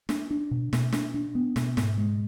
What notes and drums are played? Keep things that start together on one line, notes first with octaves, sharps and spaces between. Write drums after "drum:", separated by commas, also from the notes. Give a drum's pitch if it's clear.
D4, drum: snare
D4
B2
B2, drum: snare
D4, drum: snare
D4
B3
B2, drum: snare
G#2, drum: snare
G#3